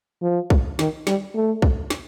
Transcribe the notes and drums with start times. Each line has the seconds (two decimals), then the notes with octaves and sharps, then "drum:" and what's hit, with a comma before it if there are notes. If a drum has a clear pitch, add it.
0.22 F3
0.50 drum: kick
0.79 D#3, drum: snare
1.07 G3, drum: snare
1.35 A3
1.62 drum: kick
1.90 drum: snare